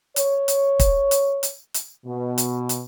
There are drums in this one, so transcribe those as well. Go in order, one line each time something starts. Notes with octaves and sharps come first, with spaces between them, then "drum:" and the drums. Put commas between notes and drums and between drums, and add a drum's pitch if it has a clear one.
C#5, drum: hi-hat
drum: hi-hat
drum: kick, hi-hat
drum: hi-hat
drum: hi-hat
drum: hi-hat
B2
drum: hi-hat
drum: hi-hat